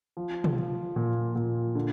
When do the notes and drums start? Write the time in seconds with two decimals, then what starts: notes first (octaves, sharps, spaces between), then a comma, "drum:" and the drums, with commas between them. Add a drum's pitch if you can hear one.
0.17 F3
0.44 drum: tom
0.57 F3
0.96 A#2
1.35 A#2
1.75 D3